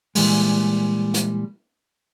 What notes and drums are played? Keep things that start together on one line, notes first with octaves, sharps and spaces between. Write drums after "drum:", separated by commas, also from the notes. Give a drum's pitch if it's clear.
A#2 D3 E3 G3 G#3, drum: open hi-hat
drum: hi-hat